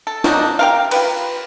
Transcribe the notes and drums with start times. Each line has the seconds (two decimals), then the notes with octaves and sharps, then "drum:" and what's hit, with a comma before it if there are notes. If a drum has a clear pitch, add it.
0.07 A4
0.24 F3 F#3 D4 D#4, drum: snare
0.59 G4 A#4 F5
0.91 F4 G4 B4, drum: cymbal